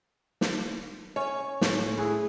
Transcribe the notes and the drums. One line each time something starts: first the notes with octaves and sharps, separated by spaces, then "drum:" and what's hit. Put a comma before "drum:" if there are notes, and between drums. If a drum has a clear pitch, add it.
drum: snare
C#4 C#5
A2, drum: snare
E4 G#4 B4